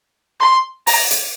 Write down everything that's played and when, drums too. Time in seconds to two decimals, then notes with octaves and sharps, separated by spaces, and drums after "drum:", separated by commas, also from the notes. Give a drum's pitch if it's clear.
0.40 C6
0.87 A#5, drum: open hi-hat
1.11 drum: hi-hat